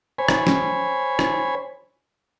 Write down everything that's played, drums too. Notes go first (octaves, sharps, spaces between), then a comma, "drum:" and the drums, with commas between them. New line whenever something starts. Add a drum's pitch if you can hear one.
C5 C#5 G#5 B5
drum: rim click
drum: snare
drum: rim click